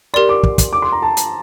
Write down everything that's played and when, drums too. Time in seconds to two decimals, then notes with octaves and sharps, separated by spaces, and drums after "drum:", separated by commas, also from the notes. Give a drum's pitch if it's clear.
0.14 G4 A#4 D5 C6
0.29 D6
0.43 drum: kick
0.58 drum: kick, hi-hat
0.73 D6
0.82 C6
0.92 A#5
1.02 A5
1.17 drum: hi-hat